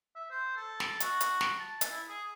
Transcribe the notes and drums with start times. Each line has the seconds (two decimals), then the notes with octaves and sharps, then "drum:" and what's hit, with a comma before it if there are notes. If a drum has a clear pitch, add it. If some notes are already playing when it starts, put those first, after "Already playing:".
0.16 E5
0.30 C5
0.57 A4
0.80 drum: snare
1.00 F#4, drum: hi-hat
1.20 drum: hi-hat
1.41 drum: snare
1.59 A5
1.81 drum: hi-hat
1.90 E4
2.08 G#4